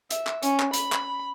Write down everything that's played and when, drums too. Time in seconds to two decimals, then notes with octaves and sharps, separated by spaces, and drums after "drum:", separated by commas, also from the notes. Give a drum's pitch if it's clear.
0.10 E5, drum: hi-hat
0.27 drum: clap
0.43 C#4, drum: hi-hat
0.60 drum: clap
0.73 B5, drum: hi-hat
0.92 drum: clap